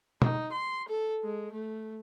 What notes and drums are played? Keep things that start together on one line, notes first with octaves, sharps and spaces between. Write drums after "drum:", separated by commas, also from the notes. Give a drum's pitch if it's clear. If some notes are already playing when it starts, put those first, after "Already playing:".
D#4, drum: tom
C6
A4
G#3
A3